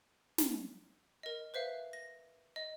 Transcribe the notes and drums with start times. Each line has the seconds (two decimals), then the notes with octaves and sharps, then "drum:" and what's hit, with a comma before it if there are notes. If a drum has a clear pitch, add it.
0.38 drum: snare
1.23 A#4 D#5
1.54 B4 C5 E5 F5
1.93 A#6
2.56 D#5